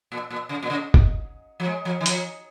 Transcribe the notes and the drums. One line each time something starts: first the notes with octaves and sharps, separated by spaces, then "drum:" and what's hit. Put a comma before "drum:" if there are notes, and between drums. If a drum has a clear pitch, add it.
A#2
A#2
C#3
A#2
C#3
drum: kick F#1
F3
G#3
F3
D#3
F3, drum: hi-hat